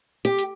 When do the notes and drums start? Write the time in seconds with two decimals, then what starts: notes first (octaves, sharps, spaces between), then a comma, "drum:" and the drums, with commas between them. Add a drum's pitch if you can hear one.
0.25 G4, drum: hi-hat
0.39 drum: hi-hat